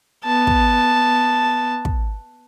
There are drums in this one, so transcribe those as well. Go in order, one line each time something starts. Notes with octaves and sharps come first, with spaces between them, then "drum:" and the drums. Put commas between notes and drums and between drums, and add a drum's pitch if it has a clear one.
B3 A5
drum: kick
drum: kick